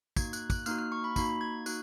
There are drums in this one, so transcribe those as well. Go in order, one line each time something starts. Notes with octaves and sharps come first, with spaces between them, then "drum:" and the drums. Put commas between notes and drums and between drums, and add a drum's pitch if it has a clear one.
A#3 D#4 F#4 G#6, drum: kick, tambourine
F#6, drum: tambourine
F#6, drum: kick, tambourine
A#3 D#4 F#4 F6, drum: tambourine
F6
C#6
B5
A#3 D#4 F#4 B5, drum: kick, tambourine
G#6
A#3 D#4 F#4 F#6, drum: tambourine